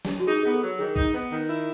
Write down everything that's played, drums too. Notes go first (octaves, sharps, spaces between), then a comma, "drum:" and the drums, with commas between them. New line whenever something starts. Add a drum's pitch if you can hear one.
drum: snare
F#4
D#4 G#4
B3 G#4
A4, drum: tambourine
F#3
D#3 G#4
D#4, drum: kick A#1
B3
D#3
E4